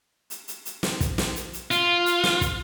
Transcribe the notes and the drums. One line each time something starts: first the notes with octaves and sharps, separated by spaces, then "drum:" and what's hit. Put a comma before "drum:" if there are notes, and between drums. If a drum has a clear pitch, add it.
drum: hi-hat
drum: hi-hat
drum: hi-hat
drum: snare
drum: kick, hi-hat
drum: snare
drum: hi-hat
drum: hi-hat
F4, drum: hi-hat
drum: hi-hat
drum: snare
drum: kick, hi-hat